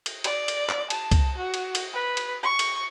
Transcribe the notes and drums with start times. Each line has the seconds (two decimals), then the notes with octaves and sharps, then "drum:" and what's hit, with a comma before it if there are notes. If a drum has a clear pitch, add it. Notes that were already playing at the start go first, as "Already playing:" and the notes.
0.06 drum: cymbal
0.24 D5, drum: cymbal
0.48 drum: cymbal
0.69 drum: clap
0.90 A5, drum: cymbal
1.11 drum: kick, cymbal
1.36 F#4
1.54 drum: cymbal
1.75 drum: cymbal
1.93 B4
2.17 drum: cymbal
2.43 C#6
2.59 drum: cymbal